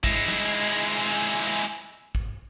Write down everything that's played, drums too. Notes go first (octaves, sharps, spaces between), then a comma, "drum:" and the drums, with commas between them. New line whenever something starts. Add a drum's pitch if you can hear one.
G#3 E4, drum: kick
drum: snare
drum: kick